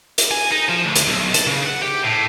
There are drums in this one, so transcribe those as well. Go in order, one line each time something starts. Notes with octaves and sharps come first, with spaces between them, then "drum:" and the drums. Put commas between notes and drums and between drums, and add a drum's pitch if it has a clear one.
drum: hi-hat
G#5
D#4
F3
D2
drum: hi-hat
B1
A5, drum: hi-hat
C#3
F#5
G4
A2